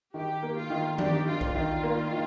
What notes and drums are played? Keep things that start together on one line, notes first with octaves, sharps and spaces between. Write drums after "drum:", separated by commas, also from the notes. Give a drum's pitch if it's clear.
D#3 G4
A#3
F4
D#3
D4 G4, drum: tom D#3
D#3 F4
drum: kick A#1
D#3 F4
A#3
D#3